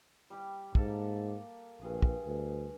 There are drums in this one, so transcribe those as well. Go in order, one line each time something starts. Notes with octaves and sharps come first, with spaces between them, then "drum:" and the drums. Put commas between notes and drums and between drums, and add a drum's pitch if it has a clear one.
G3 G4
G#2 A#3 A4 A#4, drum: kick
A#1 G2 G#4
drum: kick
D2